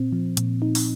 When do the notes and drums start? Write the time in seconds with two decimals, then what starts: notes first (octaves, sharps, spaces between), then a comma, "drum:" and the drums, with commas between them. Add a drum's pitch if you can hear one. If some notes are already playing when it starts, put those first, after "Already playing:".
Already playing: A#2 C4
0.12 F3
0.37 A#2, drum: hi-hat
0.62 D#4
0.75 drum: open hi-hat